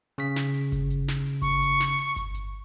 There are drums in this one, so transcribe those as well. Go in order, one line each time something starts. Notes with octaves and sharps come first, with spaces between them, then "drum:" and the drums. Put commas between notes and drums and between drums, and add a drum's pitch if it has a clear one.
C#3 B6, drum: hi-hat
drum: snare
drum: open hi-hat
drum: kick G1, hi-hat
drum: hi-hat
drum: snare
drum: open hi-hat
C#6, drum: kick G1, hi-hat
drum: hi-hat
drum: snare
drum: open hi-hat
drum: kick G1, hi-hat
drum: hi-hat